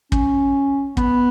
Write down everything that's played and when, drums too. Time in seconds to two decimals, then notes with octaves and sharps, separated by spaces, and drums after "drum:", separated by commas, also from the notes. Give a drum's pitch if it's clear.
0.12 C#4, drum: kick
0.97 B3, drum: kick